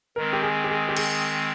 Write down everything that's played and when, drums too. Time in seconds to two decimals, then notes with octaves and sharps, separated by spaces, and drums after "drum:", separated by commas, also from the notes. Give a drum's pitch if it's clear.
0.16 D#3 G#3 C4 A#4
0.33 G4
0.43 G#4
0.64 G4
0.70 G#4
0.89 G4
0.97 G#4, drum: cymbal